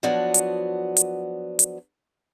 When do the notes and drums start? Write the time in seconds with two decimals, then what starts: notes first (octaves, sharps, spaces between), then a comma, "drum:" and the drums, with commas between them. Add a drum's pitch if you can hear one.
0.03 F3 F#3 B3 D4 F#4
0.34 drum: hi-hat
0.97 drum: hi-hat
1.59 drum: hi-hat